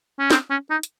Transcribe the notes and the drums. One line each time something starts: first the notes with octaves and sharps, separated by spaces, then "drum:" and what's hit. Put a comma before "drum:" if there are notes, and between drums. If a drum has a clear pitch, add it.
C#4
C4, drum: snare
C#4
D#4
drum: hi-hat